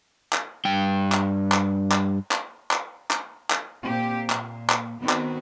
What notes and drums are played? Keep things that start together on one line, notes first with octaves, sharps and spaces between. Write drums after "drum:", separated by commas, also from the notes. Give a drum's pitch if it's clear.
drum: clap
G2 G5
drum: clap
drum: clap
drum: clap
drum: clap
drum: clap
drum: clap
drum: clap
A#2 A#3 C4 G4
A#2, drum: clap
drum: clap
D#3 B3 C4 F#4
drum: clap